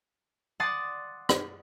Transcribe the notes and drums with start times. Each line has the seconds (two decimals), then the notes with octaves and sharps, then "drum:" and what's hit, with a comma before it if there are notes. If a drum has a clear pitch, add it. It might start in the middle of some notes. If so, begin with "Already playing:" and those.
0.60 D5 F#5 A5 C6 D#6 A6
1.29 drum: rim click